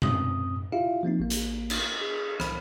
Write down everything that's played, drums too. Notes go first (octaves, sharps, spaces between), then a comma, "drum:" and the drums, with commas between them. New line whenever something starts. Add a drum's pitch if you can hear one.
F#2 C4 D#6, drum: tom B2
E4 F4 G4 E5 F5
F3 A#3 C4 D#4
A1 A#3
drum: hi-hat
drum: cymbal
G#4
C2 B5, drum: rim click